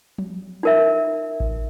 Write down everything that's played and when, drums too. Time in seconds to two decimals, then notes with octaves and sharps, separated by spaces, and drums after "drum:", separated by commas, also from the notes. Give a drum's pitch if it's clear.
0.18 drum: tom F3
0.63 D#4 A#4 E5
1.40 drum: kick A1